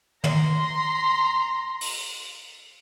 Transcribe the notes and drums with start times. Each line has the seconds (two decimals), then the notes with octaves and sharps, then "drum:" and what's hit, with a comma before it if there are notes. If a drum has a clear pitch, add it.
0.24 A#5 C6, drum: tom
1.81 drum: open hi-hat